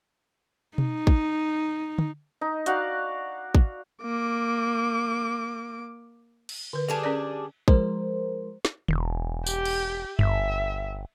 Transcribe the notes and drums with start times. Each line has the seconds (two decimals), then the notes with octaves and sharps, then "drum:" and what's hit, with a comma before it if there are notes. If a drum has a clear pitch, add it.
0.78 D#4, drum: tom B2
1.07 drum: kick
1.98 drum: tom
2.41 D#4
2.66 F#4 D5 F5 F#5, drum: hi-hat
3.55 drum: kick
4.02 A#3 D6
6.49 drum: cymbal
6.73 D3 B4
6.88 G3 D4 G#4 A4 A5
7.04 C#4 A#4 D5
7.68 F3 G#3 A#4 C5, drum: kick
8.65 drum: snare
8.88 E1, drum: tom
9.46 G4, drum: tambourine
9.65 drum: cymbal
10.19 G1 E5, drum: tom F#2